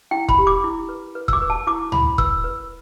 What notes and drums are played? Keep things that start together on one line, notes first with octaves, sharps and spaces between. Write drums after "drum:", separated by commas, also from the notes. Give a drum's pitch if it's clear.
E4 G5
B5, drum: kick
G4
D6
E4
B4
B4
E6, drum: kick
D6
B4
A5
E4 D6
E4 B5, drum: tom C#2
B4 E6, drum: kick
B4